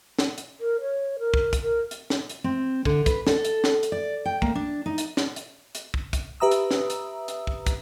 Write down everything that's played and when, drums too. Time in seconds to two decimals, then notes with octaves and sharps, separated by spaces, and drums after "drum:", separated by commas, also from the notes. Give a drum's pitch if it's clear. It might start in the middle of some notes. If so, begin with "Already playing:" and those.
0.19 drum: snare
0.38 drum: hi-hat
0.60 A#4
0.81 C#5
1.19 A#4
1.34 drum: kick
1.53 drum: kick, hi-hat
1.63 A#4
1.91 drum: hi-hat
2.10 drum: snare
2.29 drum: hi-hat
2.44 C4
2.85 D3, drum: kick
3.06 B4, drum: kick, hi-hat
3.27 A4, drum: snare
3.45 drum: hi-hat
3.64 drum: snare
3.83 drum: hi-hat
3.92 D5
4.25 G5
4.42 A#3, drum: kick
4.55 D4
4.86 D#4
4.98 drum: hi-hat
5.17 drum: snare
5.36 drum: hi-hat
5.75 drum: hi-hat
5.94 drum: kick
6.13 drum: kick, hi-hat
6.40 G4 B4 E5 A#5 D#6 E6
6.51 drum: hi-hat
6.71 drum: snare
6.90 drum: hi-hat
7.28 drum: hi-hat
7.47 drum: kick
7.66 drum: kick, hi-hat